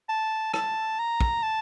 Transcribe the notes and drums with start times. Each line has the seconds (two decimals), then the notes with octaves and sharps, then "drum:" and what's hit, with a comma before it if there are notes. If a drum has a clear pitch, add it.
0.09 A5
0.53 A5, drum: rim click
0.99 A#5
1.21 drum: kick
1.43 A5